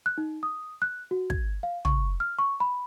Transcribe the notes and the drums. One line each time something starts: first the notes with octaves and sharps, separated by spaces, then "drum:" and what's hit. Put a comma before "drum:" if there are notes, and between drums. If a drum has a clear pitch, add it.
F#6
D#4
D#6
F#6
F#4
G#6, drum: kick
F5
C#6, drum: tom
F6
C#6
B5